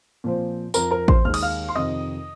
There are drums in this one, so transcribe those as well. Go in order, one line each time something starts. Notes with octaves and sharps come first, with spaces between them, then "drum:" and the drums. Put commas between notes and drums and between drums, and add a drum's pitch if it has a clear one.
A#2 F3 C4
F2 F3 C4 A#4 A#5, drum: tambourine
A#4 A#5
C5 C6, drum: kick A1
D#2 D#3 G#3 F6
D#6, drum: cymbal
F5 F6
C6
F2 C3 D#3 D#5 D#6